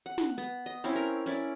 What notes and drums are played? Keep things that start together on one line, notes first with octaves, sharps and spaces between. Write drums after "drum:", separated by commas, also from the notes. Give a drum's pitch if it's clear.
F#5
drum: snare
B3
D#5
C4 C#4 E4
A#4
C#4 E4 D5